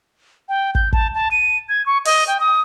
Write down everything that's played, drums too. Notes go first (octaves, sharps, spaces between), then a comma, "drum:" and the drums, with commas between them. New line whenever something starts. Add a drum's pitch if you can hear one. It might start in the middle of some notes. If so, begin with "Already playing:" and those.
G5
G6, drum: kick
A5, drum: kick
A5
D#7
G#6
C#6
D#5, drum: open hi-hat
G5
D#6